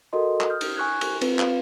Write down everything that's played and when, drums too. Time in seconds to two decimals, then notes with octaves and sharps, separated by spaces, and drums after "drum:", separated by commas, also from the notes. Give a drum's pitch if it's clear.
0.13 F#4 A4 A#4 D#5 C6
0.41 drum: clap
0.50 D#6 F6 G6
0.61 drum: cymbal
0.77 G#5 C#6 F#6 G#6
1.01 drum: cymbal
1.21 C4 F4 B4, drum: cymbal
1.39 B4 F5, drum: clap